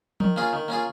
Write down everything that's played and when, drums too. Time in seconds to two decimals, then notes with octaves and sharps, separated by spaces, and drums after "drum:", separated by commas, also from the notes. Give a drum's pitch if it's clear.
0.20 D#3, drum: tom F3
0.36 A#3 C#4 F4 G#4
0.53 D#3
0.68 A#3 C#4 F4 G#4